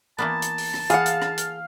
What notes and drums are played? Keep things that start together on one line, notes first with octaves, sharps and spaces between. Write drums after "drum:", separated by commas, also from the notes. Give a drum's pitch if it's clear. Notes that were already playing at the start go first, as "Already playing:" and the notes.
E3 A#3 B3 A5
drum: hi-hat
drum: open hi-hat
drum: rim click
E3 G#4 F5 F#5, drum: hi-hat
drum: hi-hat
drum: rim click
drum: hi-hat